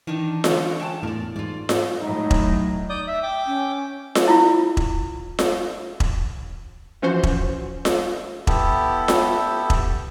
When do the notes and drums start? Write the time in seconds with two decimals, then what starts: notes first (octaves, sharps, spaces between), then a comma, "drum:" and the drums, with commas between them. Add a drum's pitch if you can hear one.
0.07 D#3 E3 D4 D#4
0.44 D3 C#4 F4, drum: snare F4
0.80 G#3 G5 A5
1.03 E2 A2 A#4 D5
1.36 G#2 F4 D5
1.69 drum: snare F4
2.02 A2 F#3 D#4
2.31 drum: kick E1
2.89 D5 D#6 G6
3.08 E5
3.23 G5 D6
3.47 C#4
4.15 drum: snare F4
4.28 E4 F4
4.77 drum: kick E1
5.39 drum: snare F4
6.00 drum: kick E1
7.02 E3 F3 C#4 F#4 C5
7.23 drum: kick E1
7.85 drum: snare F4
8.47 B3 E4 G4 A4, drum: kick E1
9.08 drum: snare F4
9.70 drum: kick E1